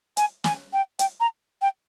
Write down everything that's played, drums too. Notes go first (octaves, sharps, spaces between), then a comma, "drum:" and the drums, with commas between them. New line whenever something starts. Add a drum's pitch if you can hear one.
G#5, drum: hi-hat
G#5, drum: snare
G5
G5, drum: hi-hat
A#5
G5